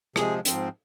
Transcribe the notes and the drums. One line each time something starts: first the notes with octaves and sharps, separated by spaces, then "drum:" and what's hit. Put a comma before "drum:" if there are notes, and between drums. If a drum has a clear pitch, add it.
C3 F3 G#3 G#4, drum: rim click
G#2 F3 C4, drum: hi-hat